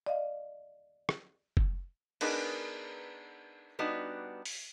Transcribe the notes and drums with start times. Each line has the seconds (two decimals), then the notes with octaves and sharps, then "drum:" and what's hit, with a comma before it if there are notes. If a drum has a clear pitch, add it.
0.07 D5 D#5 F5
1.09 drum: rim click
1.57 drum: kick
2.21 B3 D4 D#4 G#4 A#4 B4, drum: cymbal
3.79 G3 B3 D4 D#4 F#4
4.45 drum: open hi-hat